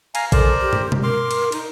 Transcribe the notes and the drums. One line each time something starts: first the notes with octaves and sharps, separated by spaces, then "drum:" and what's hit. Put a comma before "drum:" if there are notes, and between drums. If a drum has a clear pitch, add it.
F5 G#5 A#5, drum: cymbal
A4 A#4 C5 D5, drum: kick, cymbal
G4
drum: tom
drum: tom B2
A#4 C6 D6 F6
drum: cymbal
D#4, drum: cymbal